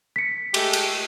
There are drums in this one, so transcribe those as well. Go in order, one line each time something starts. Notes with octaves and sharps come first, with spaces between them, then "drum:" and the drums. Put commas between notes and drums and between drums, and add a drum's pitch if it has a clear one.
B6 C#7
G#3 A3 G4, drum: cymbal
drum: cymbal